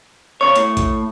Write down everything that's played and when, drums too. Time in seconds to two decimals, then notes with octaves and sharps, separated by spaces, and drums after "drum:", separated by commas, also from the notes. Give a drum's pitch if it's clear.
0.41 C3 C#5 C#6
0.56 A2, drum: hi-hat
0.77 drum: kick, hi-hat